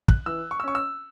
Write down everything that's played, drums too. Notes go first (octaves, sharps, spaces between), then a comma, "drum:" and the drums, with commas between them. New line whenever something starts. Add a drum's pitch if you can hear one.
F#6, drum: kick
E3 E6
C#6
E6
C#4 C#6
E6